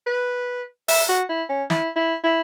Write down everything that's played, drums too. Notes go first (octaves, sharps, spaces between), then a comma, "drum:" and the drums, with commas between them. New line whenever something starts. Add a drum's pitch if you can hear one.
B4
E5, drum: open hi-hat
F#4
E4
C#4
E4, drum: snare
E4
E4